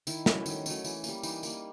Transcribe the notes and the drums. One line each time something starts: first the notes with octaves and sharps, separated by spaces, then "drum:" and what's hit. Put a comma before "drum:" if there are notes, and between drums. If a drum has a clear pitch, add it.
D#3 E4, drum: tambourine
F#3 A3 C#4, drum: snare
D#3, drum: tambourine
F#3 A3 C#4, drum: tambourine
E3, drum: tambourine
G3 A#3, drum: tambourine
E3 D#4, drum: tambourine
G3 A#3, drum: tambourine